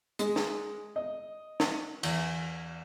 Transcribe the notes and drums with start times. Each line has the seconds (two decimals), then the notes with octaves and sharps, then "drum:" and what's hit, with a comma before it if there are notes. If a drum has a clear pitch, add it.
0.19 G#3, drum: hi-hat
0.36 drum: snare
0.96 D#5
1.60 drum: snare
2.03 E2, drum: cymbal